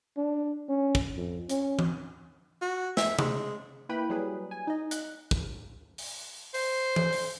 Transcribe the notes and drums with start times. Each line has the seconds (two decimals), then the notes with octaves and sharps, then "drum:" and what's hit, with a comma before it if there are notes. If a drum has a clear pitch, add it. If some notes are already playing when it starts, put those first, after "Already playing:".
0.17 D4
0.69 C#4
0.95 drum: kick
1.16 F2
1.49 C#4, drum: hi-hat
1.79 drum: tom E3
2.62 F#4
2.97 E5, drum: snare
3.19 G#3, drum: tom C3
3.89 A#3 E4 B4 G5 B5
4.10 F#3 G3 G#4 B4
4.51 G#5
4.67 D#4 D#5
4.91 F#6, drum: hi-hat
5.31 drum: kick
5.98 drum: open hi-hat
6.54 C5, drum: open hi-hat
6.96 drum: tom E3
7.13 drum: open hi-hat